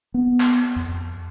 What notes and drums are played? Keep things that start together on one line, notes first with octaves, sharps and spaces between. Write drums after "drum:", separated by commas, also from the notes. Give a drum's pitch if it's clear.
B3
drum: clap
F2